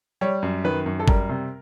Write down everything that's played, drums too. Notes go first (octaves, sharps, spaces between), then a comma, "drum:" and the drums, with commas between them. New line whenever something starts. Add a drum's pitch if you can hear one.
G3 C#5
F#2
D#3 B4
F#2
A4
G3 A#4, drum: kick G#1
C3